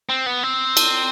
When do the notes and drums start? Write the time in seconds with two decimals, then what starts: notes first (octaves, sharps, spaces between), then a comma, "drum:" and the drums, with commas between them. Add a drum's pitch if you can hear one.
0.09 C4
0.26 B3
0.43 C4
0.77 drum: cymbal